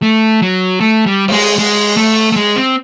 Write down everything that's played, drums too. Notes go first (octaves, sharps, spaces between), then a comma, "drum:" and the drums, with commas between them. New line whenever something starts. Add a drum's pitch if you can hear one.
A3
F#3
A3
G3
G3, drum: cymbal
G#3
G#3
A3
A3
G#3
C4